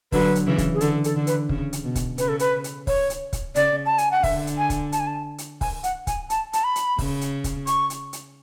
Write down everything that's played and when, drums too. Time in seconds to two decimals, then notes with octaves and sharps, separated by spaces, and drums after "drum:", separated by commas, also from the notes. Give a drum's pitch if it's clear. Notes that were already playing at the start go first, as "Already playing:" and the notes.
0.12 D3 F#3 B4, drum: kick, open hi-hat
0.35 drum: hi-hat
0.47 C#3 E3
0.58 drum: kick, hi-hat
0.74 G#4
0.81 D3 A4, drum: hi-hat
1.04 A4, drum: hi-hat
1.16 D3
1.27 B4, drum: hi-hat
1.49 C#3, drum: kick
1.73 drum: hi-hat
1.84 B2
1.95 drum: kick, hi-hat
2.18 C#3 B4, drum: hi-hat
2.29 A4
2.39 B4, drum: hi-hat
2.64 drum: hi-hat
2.87 C#5, drum: kick, open hi-hat
3.10 drum: hi-hat
3.33 drum: kick, hi-hat
3.55 C#3 D5, drum: hi-hat
3.86 A5
3.98 G#5, drum: hi-hat
4.11 F#5
4.23 D3 E5, drum: kick, open hi-hat
4.47 drum: hi-hat
4.58 G#5
4.70 drum: kick, hi-hat
4.92 A5, drum: hi-hat
5.00 G#5
5.07 A5
5.38 drum: hi-hat
5.61 G#5, drum: kick, open hi-hat
5.84 F#5, drum: hi-hat
6.07 G#5, drum: kick, hi-hat
6.30 A5, drum: hi-hat
6.53 A5, drum: hi-hat
6.64 B5
6.76 drum: hi-hat
6.98 C#3, drum: kick, open hi-hat
7.21 drum: hi-hat
7.44 drum: kick, hi-hat
7.67 C#6, drum: hi-hat
7.90 drum: hi-hat
8.13 drum: hi-hat